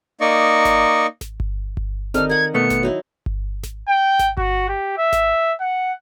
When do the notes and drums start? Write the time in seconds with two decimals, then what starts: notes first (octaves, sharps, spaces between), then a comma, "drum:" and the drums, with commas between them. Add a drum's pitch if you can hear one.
0.21 A#3 D#4 D5 D#5 C#6
0.65 drum: snare G#1
1.21 drum: snare G#1
1.40 drum: kick G1
1.77 drum: kick G1
2.14 D#3 C4 D#4 A4 D5 F6, drum: snare G#1
2.29 A#4 F#5 G#6
2.54 B2 A3 B3 C#7
2.70 drum: snare G#1
2.83 F#3 D#4 E4
3.26 drum: kick G1
3.63 drum: snare G#1
3.88 G5
4.19 drum: snare G#1
4.37 F#4, drum: kick G1
4.69 G4
4.98 E5
5.13 drum: snare G#1
5.60 F#5